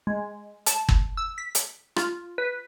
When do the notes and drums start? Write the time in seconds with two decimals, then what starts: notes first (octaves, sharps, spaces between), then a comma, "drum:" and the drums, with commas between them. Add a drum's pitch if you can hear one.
0.07 G#3
0.66 A5, drum: hi-hat
0.89 drum: kick
1.17 E6
1.38 B6
1.55 drum: hi-hat
1.96 F4, drum: rim click
2.38 B4